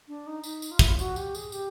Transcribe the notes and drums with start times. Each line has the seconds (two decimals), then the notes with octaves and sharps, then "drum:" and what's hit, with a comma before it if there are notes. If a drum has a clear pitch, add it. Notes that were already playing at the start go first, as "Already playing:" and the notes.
0.08 D4
0.27 D#4
0.44 D#4, drum: tambourine
0.62 drum: tambourine
0.71 F4
0.79 E4, drum: kick, tambourine
0.88 F4
0.99 F#4, drum: tambourine
1.16 G4, drum: tambourine
1.35 G#4, drum: tambourine
1.52 G4, drum: tambourine